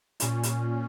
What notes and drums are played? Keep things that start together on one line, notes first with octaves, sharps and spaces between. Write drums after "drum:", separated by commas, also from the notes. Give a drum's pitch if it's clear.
A#2 C#4, drum: hi-hat
drum: hi-hat